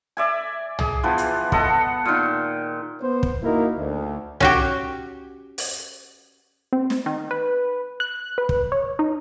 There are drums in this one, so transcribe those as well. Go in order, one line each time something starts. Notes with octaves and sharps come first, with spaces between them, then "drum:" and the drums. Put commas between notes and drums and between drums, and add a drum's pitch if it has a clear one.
D5 E5 G#5
G#4, drum: tom
E3 F3 B3
drum: hi-hat
B3 A4 D#5 F#5, drum: kick
A#2 D#3
B3 C5
drum: kick
A#3 D#4 E4 F#4 A#4
D2
C#4 F#4 G4, drum: tom
drum: open hi-hat
C4
drum: snare
D#3
B4
F#6
B4
drum: kick
C#5
D#4